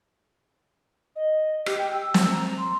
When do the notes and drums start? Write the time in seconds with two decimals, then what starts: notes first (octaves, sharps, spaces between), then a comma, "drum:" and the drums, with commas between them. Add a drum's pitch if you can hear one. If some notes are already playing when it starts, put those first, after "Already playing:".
1.16 D#5
1.66 G4, drum: rim click
1.78 G5
1.93 E6
2.14 drum: snare
2.31 A#5
2.58 C6